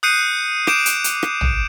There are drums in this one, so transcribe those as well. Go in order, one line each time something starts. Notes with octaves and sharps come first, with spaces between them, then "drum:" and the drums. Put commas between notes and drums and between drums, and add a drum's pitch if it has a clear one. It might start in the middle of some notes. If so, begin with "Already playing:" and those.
D#6 F#6 G6 C7 C#7 D#7
D6 G6 D7 E7, drum: rim click
drum: hi-hat
drum: hi-hat
drum: rim click
drum: tom A1